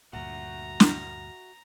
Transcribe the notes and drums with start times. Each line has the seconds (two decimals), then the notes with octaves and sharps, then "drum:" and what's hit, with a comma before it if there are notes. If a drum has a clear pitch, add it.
0.13 D2 G2 A#2 F#4 E5 F#5 A#5
0.80 drum: snare